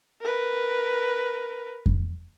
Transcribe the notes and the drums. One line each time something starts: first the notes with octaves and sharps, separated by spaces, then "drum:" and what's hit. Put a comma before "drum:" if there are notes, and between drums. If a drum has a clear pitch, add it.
A#4 B4
drum: kick F2